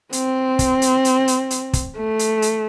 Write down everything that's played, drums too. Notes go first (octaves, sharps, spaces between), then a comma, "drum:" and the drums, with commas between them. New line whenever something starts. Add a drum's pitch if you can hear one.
C4, drum: hi-hat
drum: kick, hi-hat
drum: hi-hat
drum: hi-hat
drum: hi-hat
drum: hi-hat
drum: kick, hi-hat
A3
drum: hi-hat
drum: hi-hat